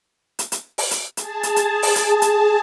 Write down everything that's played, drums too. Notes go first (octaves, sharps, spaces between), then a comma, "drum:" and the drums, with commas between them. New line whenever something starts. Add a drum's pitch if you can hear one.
drum: hi-hat
drum: hi-hat
drum: open hi-hat
drum: hi-hat
G#4 A5, drum: hi-hat
drum: hi-hat
drum: hi-hat
drum: open hi-hat
drum: hi-hat
drum: hi-hat